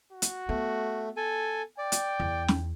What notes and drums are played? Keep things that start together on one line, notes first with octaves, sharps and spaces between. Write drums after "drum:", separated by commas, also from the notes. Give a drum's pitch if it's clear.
F#4
drum: hi-hat
A3 B3
A4 G#5
D5 G5
drum: hi-hat
E2
drum: snare